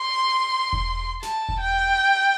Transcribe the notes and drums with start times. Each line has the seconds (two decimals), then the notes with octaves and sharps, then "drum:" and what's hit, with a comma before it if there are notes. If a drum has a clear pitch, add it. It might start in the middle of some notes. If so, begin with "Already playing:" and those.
Already playing: C6
0.73 drum: kick E1
1.23 A5, drum: snare
1.49 drum: kick E1
1.61 G5